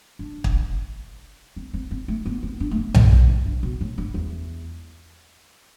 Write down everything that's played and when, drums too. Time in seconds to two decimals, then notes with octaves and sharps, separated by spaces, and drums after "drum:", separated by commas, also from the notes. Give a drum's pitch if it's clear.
0.19 D4
0.44 drum: kick
1.56 C4
1.74 C4
1.91 C4
2.08 A3
2.26 B3
2.43 C4
2.60 D4
2.71 A3
2.77 B3
2.94 A3, drum: tom B1
3.11 G3
3.29 E3
3.46 D3
3.63 B2
3.81 A2
3.98 G2
4.14 E2